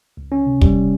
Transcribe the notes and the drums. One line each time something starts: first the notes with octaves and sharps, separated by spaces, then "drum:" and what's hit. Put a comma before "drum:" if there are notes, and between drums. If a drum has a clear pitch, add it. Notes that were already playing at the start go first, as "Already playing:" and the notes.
C#2
C#4
C3
G3, drum: kick